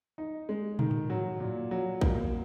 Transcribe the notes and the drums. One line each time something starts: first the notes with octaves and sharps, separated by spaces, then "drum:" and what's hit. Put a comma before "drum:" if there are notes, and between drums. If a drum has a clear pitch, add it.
D#4
G#3
D#3, drum: tom
drum: tom A2
F#3
A#2
F#3
A#3, drum: kick